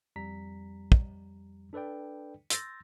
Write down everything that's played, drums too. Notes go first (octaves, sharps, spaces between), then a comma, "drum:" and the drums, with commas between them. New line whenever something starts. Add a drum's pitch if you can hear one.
F2 G3 A#5 B6
drum: kick
D4 A4 B4 D5 G5
C6 E6 G6 A6 A#6, drum: hi-hat